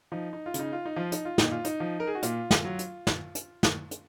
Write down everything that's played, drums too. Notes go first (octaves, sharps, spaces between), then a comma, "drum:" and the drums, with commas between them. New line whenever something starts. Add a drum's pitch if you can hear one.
F3 D#4
D#4
F4
C#3, drum: hi-hat
D#4
F4
D#4
F3 F4
D#4, drum: hi-hat
F4
A#2 D#4, drum: snare
F4
D#4, drum: hi-hat
F3
A#4
G#4
F#4
A#2 F4, drum: hi-hat
drum: snare
F#3
drum: hi-hat
drum: snare
drum: hi-hat
drum: snare
drum: hi-hat